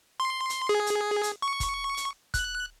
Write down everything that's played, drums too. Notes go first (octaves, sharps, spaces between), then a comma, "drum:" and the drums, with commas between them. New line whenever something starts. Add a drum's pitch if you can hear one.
C6
drum: hi-hat
G#4
drum: hi-hat
drum: hi-hat
C#6
drum: kick, hi-hat
drum: hi-hat
F#6, drum: kick, hi-hat